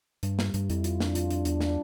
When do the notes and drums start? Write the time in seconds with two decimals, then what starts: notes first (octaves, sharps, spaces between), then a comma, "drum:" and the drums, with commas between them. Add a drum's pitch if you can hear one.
0.23 G2 G3, drum: hi-hat
0.39 G3, drum: snare
0.54 G2 G3, drum: hi-hat
0.70 F2 E4, drum: hi-hat
0.84 F4, drum: hi-hat
1.00 D4, drum: snare
1.15 F4, drum: hi-hat
1.31 D4, drum: hi-hat
1.45 E2 D4, drum: hi-hat
1.61 D4, drum: snare